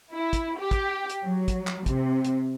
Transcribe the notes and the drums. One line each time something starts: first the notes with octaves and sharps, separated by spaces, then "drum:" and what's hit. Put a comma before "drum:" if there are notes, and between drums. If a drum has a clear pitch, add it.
E4
drum: kick, hi-hat
G4
drum: kick, hi-hat
drum: hi-hat
F#3
drum: kick, hi-hat
drum: clap
C3, drum: kick, hi-hat
drum: hi-hat